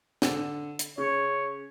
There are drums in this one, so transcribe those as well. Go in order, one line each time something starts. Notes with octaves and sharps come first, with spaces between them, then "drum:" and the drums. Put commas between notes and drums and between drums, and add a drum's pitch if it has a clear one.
D3, drum: snare
drum: hi-hat
C#3 C#5